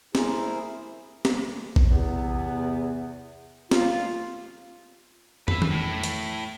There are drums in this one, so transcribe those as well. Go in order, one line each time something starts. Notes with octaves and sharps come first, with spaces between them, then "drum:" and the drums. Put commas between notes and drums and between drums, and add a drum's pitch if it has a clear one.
E4 G#4 A#4 C5, drum: snare
drum: snare
drum: kick A#1
E2 C3 B3
F4, drum: snare
B4 E5, drum: tom
drum: tom D#3
A2
drum: hi-hat